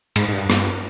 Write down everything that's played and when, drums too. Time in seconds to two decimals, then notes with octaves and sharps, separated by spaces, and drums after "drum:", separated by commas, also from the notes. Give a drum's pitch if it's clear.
0.16 G#2, drum: cymbal
0.29 G#2
0.32 G2
0.50 G2, drum: rim click